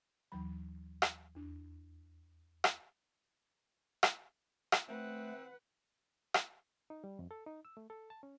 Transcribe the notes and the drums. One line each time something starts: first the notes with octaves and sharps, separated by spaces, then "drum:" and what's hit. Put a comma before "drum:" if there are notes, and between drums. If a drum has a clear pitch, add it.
D#2 E3 F#3 B5
drum: rim click
E2 D4
drum: rim click
drum: rim click
drum: rim click
A3 C4 B4 F#5
drum: rim click
D#4
G3
F2
A4
D#4
E6
A3
A4
A5
C#4